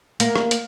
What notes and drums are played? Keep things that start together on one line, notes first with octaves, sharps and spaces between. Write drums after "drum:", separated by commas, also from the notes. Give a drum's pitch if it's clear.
A#3, drum: hi-hat
drum: rim click
drum: hi-hat